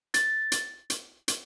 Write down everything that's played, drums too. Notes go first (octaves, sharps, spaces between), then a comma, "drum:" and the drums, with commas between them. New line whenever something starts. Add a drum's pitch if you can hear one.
A6, drum: hi-hat
drum: hi-hat
drum: hi-hat
drum: hi-hat